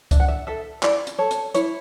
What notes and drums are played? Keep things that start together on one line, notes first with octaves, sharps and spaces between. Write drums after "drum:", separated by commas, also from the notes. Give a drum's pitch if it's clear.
D4 E5, drum: kick C#2, hi-hat
F#5
E5
A4 E5
E4 D5, drum: clap
drum: hi-hat
A4 C#5
drum: hi-hat
E4 C#5, drum: hi-hat